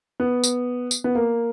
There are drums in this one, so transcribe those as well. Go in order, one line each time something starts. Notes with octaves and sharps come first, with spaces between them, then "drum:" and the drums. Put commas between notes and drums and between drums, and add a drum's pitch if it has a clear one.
B3
drum: tambourine
drum: tambourine
B3
A#3